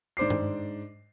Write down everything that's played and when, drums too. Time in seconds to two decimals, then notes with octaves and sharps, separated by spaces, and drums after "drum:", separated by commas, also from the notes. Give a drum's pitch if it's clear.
0.17 G#2 D4 C5 D6 C7
0.30 drum: tom G2